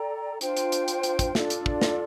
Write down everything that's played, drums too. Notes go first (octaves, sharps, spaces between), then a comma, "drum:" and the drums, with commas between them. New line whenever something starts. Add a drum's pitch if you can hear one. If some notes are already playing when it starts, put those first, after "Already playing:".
Already playing: A4 D5 G5 A#5
D4 F4 C5 G5, drum: hi-hat
drum: hi-hat
drum: hi-hat
drum: hi-hat
drum: hi-hat
drum: kick, hi-hat
D4 F4 A4 D5, drum: snare
drum: hi-hat
drum: kick
drum: snare